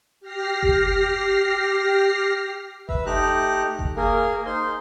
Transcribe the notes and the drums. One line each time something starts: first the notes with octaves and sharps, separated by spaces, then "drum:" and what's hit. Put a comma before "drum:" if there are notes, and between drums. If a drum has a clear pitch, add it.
G4 F6 A#6 C7
drum: kick F#1
B4 E5, drum: kick F#1
A3 D#4 G4 A#5 F#6
drum: kick F#1
A#3 G#4 A#4
D#4 C5 C6